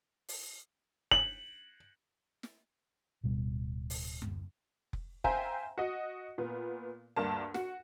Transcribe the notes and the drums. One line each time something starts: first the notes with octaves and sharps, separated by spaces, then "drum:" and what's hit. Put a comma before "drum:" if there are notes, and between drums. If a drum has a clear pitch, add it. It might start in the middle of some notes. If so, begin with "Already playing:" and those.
drum: open hi-hat
F#7, drum: kick F1
drum: snare
D1 B2 G3
drum: open hi-hat
drum: tom F#2
drum: kick F1
C5 E5 F5 G5 G#5 A#5, drum: kick F1
F#4 D#5
A#2 B3
D2 G2 A#3 D4 A#4 A5
F#4, drum: snare